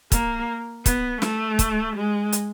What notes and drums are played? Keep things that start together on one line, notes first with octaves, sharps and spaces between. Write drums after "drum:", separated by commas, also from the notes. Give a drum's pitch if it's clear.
A#3, drum: kick, hi-hat
B3, drum: kick, hi-hat
A3, drum: snare
drum: kick, hi-hat
G#3
drum: hi-hat